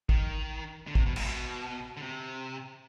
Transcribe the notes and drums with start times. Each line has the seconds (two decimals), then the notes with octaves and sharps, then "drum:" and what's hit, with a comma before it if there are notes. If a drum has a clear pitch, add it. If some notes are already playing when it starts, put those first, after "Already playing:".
0.09 D#3, drum: kick
0.87 D3
0.95 C3, drum: kick
1.06 B2
1.16 G#2, drum: cymbal
1.24 B2
1.97 D3
2.02 C3